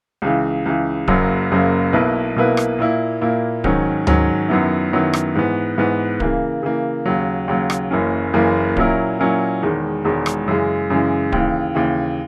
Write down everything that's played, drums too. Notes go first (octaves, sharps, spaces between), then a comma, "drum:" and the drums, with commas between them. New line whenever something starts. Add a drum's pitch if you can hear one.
C#2 C#3 E3
C#2 C#3 E3
F#1 F#2 C#3 F#3 A#3, drum: kick D1
F#1 F#2 C#3 F#3 A#3
B1 B2 A#3 E4 B4
B1 B2 A#3 E4 B4
drum: rim click
A#2 A#3 E4
A#2 A#3 E4
G#2 D#3 F#3 C#4, drum: kick D1
G#2 D#3 F#3 C#4, drum: tom D2
F#2 D#3 F#3 B3 E4
F#2 D#3 F#3 B3 E4
drum: rim click
G#2 E3 B3
G#2 E3 B3
C#3 E3 A#3, drum: kick D1
C#3 E3 A#3
D#2 C#3 F#3
D#2 C#3 F#3
drum: rim click
F#1 F#2 E3 A#3 C#4
F#1 F#2 E3 A#3 C#4
A#2 F#3 C#4 E4 A#4, drum: kick D1
A#2 F#3 C#4 E4 A#4
E1 E2 D#3 G#3
E1 E2 D#3 G#3
drum: rim click
F#2 C#3 E3 G#3
F#2 C#3 E3 G#3
D#2 C#3 E3, drum: kick D1
D#2 C#3 E3